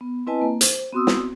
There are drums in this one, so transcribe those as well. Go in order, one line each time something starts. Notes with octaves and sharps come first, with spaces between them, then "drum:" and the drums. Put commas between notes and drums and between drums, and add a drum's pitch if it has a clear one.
B3
C4 E4 B4 D#5 G#5 A5
A#3
C5, drum: hi-hat
B3 C4 F#4 C6 D#6 E6
drum: snare